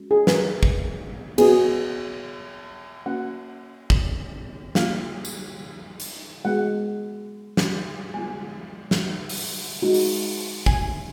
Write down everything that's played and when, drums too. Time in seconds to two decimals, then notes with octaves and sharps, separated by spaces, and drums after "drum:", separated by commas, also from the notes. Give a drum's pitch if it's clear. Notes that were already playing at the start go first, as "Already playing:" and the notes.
Already playing: G#3 C#4 F#4
0.11 G#4
0.27 B4, drum: snare
0.32 A#4
0.63 drum: kick G#1
1.38 B3 F#4 G#4, drum: cymbal
3.06 A#3 C#4 F#4 F#5
3.90 drum: kick G#1
4.75 A#3 F4 F5, drum: snare
5.25 drum: tambourine
6.00 drum: hi-hat
6.45 G#3 B3 F#4 F#5
7.57 drum: snare
8.14 G#3 B3 F4 G#5
8.91 drum: snare
9.29 drum: open hi-hat
9.82 G#3 D#4 F#4
9.94 drum: open hi-hat
10.66 G#5, drum: kick G#1